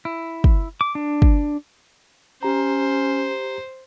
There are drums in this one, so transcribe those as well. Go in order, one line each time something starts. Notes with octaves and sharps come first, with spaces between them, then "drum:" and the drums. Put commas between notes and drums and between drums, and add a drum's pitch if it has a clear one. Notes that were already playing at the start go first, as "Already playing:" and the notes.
E4
drum: kick
D6
D4
drum: kick
C#4 G4 C5 A#5